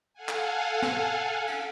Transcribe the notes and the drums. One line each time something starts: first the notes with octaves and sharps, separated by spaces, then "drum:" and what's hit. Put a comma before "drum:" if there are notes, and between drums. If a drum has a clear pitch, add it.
A4 F5 F#5 G#5
drum: clap
drum: snare
drum: cymbal